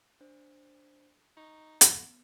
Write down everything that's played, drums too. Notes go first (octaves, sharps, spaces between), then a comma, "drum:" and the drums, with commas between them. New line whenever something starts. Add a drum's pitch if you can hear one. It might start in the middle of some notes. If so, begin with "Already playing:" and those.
D4 C5
D#4 C#6
B3, drum: hi-hat